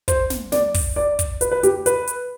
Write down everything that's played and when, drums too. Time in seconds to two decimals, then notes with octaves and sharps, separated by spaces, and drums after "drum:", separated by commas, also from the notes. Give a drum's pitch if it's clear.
0.08 C5, drum: kick, hi-hat
0.30 drum: snare
0.52 D5, drum: snare
0.74 drum: kick, open hi-hat
0.96 D5
1.19 drum: kick, hi-hat
1.41 B4, drum: hi-hat
1.51 B4
1.63 G4, drum: hi-hat
1.86 B4, drum: hi-hat
2.07 drum: hi-hat